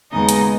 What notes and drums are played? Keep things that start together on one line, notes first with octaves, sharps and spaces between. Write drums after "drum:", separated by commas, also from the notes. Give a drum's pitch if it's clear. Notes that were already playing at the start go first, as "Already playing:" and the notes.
D#2 C#3 G#3 B3 D#4 D#5
drum: hi-hat